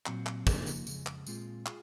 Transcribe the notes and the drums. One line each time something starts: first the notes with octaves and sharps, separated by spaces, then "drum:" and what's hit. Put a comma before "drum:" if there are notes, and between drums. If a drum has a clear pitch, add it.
A#2 F#3 C4 F#4, drum: clap
drum: clap
C#3 F3 A#3 D#4, drum: kick, tambourine
drum: tambourine
F2 C#3 G#3, drum: tambourine
drum: clap
A#2 G#3 C4 F4 G#4, drum: tambourine
F4 G#4, drum: clap